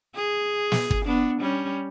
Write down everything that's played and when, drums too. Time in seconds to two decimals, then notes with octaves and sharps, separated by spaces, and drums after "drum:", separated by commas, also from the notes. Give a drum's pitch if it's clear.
0.15 G#4
0.72 drum: snare
0.90 drum: kick
1.05 B3 D4
1.41 G3 C#4